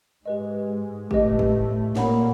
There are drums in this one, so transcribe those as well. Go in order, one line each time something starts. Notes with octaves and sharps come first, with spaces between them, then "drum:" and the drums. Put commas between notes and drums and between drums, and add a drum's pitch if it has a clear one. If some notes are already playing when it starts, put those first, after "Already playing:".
G#2 G#3 G4 B4 D#5
A2 A3 G4 B4 D#5, drum: kick
drum: kick
A#2 A#3 C#5 F#5 B5, drum: snare C4